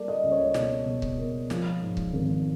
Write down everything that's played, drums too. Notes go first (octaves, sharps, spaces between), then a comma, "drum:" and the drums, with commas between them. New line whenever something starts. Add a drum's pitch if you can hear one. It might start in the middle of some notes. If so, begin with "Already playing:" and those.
Already playing: G3 A#3 A4 D5
D#5
C#2
C#5
B2, drum: snare
B2
drum: kick C#1
A#3
F3, drum: snare
G#2
drum: kick C#1
G#1